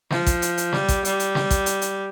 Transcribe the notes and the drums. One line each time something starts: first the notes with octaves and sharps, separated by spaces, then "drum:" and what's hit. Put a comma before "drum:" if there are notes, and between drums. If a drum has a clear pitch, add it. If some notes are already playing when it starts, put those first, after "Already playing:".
F3, drum: snare
drum: kick A1, hi-hat
drum: hi-hat
drum: hi-hat
G3, drum: snare
drum: kick A1, hi-hat
G3, drum: hi-hat
drum: hi-hat
drum: snare
drum: kick A1, hi-hat
drum: hi-hat
drum: hi-hat